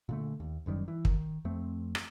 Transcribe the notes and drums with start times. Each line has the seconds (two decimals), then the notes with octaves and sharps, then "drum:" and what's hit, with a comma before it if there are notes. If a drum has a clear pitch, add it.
0.09 A#2 D3 A3
0.40 D#2
0.66 F#1 F#2 D#3 G3
0.88 E3
1.05 D#3, drum: kick
1.45 F2 F3 A3 C4
1.95 drum: rim click